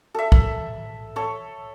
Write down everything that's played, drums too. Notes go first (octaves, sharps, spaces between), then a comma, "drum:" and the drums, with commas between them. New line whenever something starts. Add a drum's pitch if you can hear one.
A4 E5
drum: kick
A4 C#5